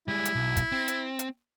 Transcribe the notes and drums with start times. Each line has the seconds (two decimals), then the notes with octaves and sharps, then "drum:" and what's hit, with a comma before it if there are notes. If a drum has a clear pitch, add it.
0.08 G3 G#3 E4
0.25 drum: hi-hat
0.35 B1
0.57 drum: kick, hi-hat
0.72 C4
0.88 drum: hi-hat
1.19 drum: hi-hat